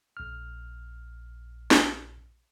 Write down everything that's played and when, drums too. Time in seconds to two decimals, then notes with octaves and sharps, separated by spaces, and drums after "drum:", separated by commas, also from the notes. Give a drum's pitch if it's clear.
0.17 A#1 F6
1.71 drum: snare